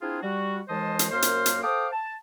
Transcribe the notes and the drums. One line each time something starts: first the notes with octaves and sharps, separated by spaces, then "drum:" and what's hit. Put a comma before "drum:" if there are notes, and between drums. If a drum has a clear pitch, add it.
C4 D4 E4 F4 G#4
G3 F#4
D#2 E3 G#3 C5 D#5 A5
drum: hi-hat
F#2 A#3 A#4 C5 C6 F6
drum: hi-hat
drum: hi-hat
A4 C5 F5 G5 D6 D#6
A5